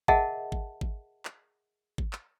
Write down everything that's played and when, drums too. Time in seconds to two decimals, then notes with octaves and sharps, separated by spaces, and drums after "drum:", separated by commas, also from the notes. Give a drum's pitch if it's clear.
0.08 G#4 A#4 D#5 E5 F#5 A5, drum: kick G#1
0.52 drum: kick G#1
0.81 drum: kick G#1
1.25 drum: clap
1.98 drum: kick G#1
2.13 drum: clap